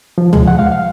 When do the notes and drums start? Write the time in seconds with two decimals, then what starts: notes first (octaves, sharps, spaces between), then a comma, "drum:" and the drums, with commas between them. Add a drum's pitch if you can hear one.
0.18 F3
0.33 G#3, drum: tom
0.48 F#5
0.59 F5
0.72 F5